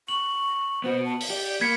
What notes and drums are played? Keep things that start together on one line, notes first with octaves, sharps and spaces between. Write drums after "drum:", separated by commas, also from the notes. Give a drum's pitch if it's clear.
C#6 F#7
B3 F#4 C5
A5
drum: open hi-hat
G4 D5
A#3 B5 G#6 B6 C#7